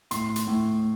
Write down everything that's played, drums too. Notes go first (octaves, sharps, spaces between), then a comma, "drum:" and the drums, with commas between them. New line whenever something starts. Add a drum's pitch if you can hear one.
A2 C6, drum: hi-hat
drum: hi-hat
A2